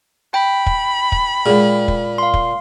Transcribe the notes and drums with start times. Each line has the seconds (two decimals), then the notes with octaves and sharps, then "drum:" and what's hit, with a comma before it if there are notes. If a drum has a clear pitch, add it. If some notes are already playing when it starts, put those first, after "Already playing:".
0.34 G5 B5
0.66 drum: kick
1.12 drum: kick
1.46 A#2 G#3 G#4
1.88 drum: kick
2.18 F5 C6
2.34 drum: kick